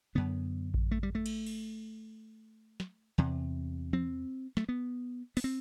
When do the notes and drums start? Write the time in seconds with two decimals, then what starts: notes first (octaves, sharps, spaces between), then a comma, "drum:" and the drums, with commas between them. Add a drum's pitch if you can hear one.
0.15 F#2 D3 B3
0.74 drum: kick A1
0.91 A3
1.03 G3
1.15 A3
1.26 drum: cymbal
1.46 drum: cymbal
2.80 drum: snare
3.18 E2 C3
3.93 C4, drum: tom E3
4.57 A3, drum: snare
4.69 B3
5.37 B3, drum: open hi-hat
5.44 C4